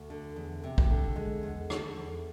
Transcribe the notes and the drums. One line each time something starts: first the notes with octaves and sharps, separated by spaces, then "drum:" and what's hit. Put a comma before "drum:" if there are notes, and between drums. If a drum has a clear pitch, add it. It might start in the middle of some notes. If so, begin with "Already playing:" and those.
Already playing: D2
D3
E2
C3
drum: kick
D3
G#3
E2
D3, drum: rim click
E2